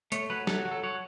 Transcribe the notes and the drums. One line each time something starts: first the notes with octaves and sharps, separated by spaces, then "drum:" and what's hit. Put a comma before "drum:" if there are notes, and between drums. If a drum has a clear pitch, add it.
A3 C#5, drum: hi-hat
F#3 B4
F#3 A4, drum: snare
F#4
F#3
A4
F#3 C#5